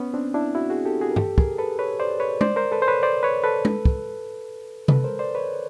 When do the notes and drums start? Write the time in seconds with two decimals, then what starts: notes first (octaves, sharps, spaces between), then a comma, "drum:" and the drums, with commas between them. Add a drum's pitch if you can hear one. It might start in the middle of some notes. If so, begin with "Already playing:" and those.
Already playing: B3 C#4
0.14 C4 D4
0.34 D4 E4
0.55 E4 F#4
0.70 F#4 G#4
0.85 G4 A4
1.01 F#4 G#4
1.11 A#4
1.16 G4 A4, drum: tom G2
1.38 G#4 A#4, drum: kick
1.58 A4 B4
1.79 B4 C#5
2.00 C5 D5
2.20 B4 C#5
2.41 C5 D5, drum: tom G#3
2.56 A#4 C5
2.72 A4 B4
2.82 C5
2.88 B4 C#5
3.03 C5 D5
3.23 B4 C#5
3.44 A4 B4
3.65 drum: tom G#3
3.85 drum: kick
4.88 A4 B4, drum: tom C3
5.04 A#4 C5
5.19 C5 D5
5.35 B4 C#5